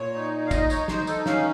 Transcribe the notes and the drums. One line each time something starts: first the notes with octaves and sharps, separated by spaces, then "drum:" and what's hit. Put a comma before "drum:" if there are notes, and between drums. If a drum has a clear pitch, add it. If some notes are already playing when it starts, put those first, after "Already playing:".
Already playing: A#2 C#5
D#4
F5
D#4 D#5, drum: kick, tambourine
C#5, drum: tambourine
D#4 C5, drum: snare
A4, drum: tambourine
C#4 F5, drum: snare